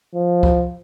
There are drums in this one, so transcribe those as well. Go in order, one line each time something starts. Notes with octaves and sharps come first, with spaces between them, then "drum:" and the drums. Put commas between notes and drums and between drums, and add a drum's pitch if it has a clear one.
F3
drum: kick